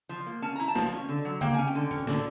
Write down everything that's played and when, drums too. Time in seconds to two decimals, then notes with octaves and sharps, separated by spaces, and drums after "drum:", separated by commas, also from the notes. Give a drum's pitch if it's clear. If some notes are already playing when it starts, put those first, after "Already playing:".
0.09 F3
0.27 A#3
0.42 C#4 A5
0.56 E4 A#5
0.68 A5
0.76 F3, drum: snare
0.92 C#4
1.09 D3
1.25 F#3
1.41 A#3 G5, drum: tom C#3
1.54 C#4 G#5
1.67 G5
1.75 D3
1.91 C#4, drum: tom A2
2.07 D3, drum: snare